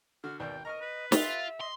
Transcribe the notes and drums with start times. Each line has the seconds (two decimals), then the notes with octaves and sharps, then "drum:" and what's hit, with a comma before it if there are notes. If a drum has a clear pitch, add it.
0.24 D3 F#4 F6
0.40 G#1 D#2 B2 D5 G5
0.65 A#4 D#5 A#5 C#6 F6
0.81 B4
1.12 F4 G4 A4 E5 D#6, drum: snare
1.61 D#5 C6